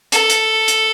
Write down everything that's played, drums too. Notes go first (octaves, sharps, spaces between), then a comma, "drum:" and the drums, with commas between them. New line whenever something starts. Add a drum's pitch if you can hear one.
A4, drum: hi-hat
drum: hi-hat
drum: hi-hat